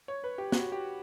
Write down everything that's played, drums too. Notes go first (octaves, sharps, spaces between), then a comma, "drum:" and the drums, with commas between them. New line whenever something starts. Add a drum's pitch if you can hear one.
C#5
B4
G4
F#4, drum: snare
G4